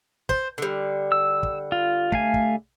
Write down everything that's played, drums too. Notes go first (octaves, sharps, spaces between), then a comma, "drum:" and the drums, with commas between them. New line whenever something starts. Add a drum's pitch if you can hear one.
C5, drum: kick
D3 G3
E6
drum: kick
F4
A3 F5 G#5, drum: kick
drum: kick